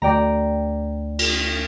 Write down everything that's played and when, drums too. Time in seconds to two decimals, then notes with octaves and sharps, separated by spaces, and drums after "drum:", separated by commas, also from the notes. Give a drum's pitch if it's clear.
0.02 D2 D5 G5 A#5
1.19 drum: cymbal